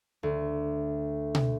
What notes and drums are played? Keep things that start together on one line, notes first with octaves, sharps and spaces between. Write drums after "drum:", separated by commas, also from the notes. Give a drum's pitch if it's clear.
D2
drum: tom B2